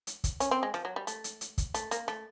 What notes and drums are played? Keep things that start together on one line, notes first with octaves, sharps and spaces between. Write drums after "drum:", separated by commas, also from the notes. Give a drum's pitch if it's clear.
drum: hi-hat
drum: kick, hi-hat
C#4, drum: hi-hat
C4
G#3
F3, drum: rim click
F#3
G3
A3, drum: hi-hat
drum: hi-hat
drum: hi-hat
drum: kick, hi-hat
A3, drum: hi-hat
A#3, drum: hi-hat
A3, drum: rim click